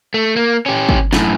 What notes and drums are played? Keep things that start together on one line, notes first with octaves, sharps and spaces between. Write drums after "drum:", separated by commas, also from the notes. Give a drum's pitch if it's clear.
A3
A#3
C#4 G4
drum: kick
F#2 A2, drum: snare